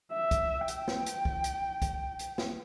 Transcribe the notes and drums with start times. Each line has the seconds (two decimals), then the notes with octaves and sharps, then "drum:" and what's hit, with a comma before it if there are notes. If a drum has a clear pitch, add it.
0.12 E5
0.31 drum: kick, hi-hat
0.68 G5, drum: hi-hat
0.88 drum: snare
1.06 drum: hi-hat
1.25 drum: kick
1.44 drum: hi-hat
1.82 drum: kick, hi-hat
2.19 drum: hi-hat
2.38 drum: snare